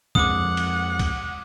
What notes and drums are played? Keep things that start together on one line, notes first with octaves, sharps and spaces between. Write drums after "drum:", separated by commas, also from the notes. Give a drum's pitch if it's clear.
F2 F3 G#3 F#5 D6 D#6, drum: kick
drum: cymbal
drum: kick, cymbal